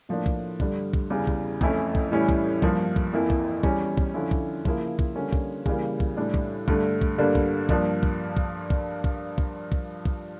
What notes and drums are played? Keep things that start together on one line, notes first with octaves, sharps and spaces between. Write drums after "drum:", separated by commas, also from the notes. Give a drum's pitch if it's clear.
A2 F3 A#3 D4
drum: kick
G2 D3 G3, drum: kick
drum: kick
E2 C#3 E3 G3
drum: kick
F2 E3 A3 C#4 E4, drum: kick
drum: kick
A2 E3 G3 C#4 E4
drum: kick
G2 F3 A#3, drum: kick
drum: kick
F2 E3 A#3 E4
drum: kick
E2 E3 G3 C#4, drum: kick
drum: kick
D3 F3 C#4 E4
drum: kick
C#3 F3 A#3 E4, drum: kick
drum: kick
D3 G3 A#3 C#4
drum: kick
C#3 E3 G3 A#3, drum: kick
drum: kick
A2 G3 D4
drum: kick
G2 D3 A3, drum: kick
drum: kick
G2 D3 G3 A#3 D4
drum: kick
G2 F3 A#3 D4, drum: kick
drum: kick
drum: kick
drum: kick
drum: kick
drum: kick
drum: kick
drum: kick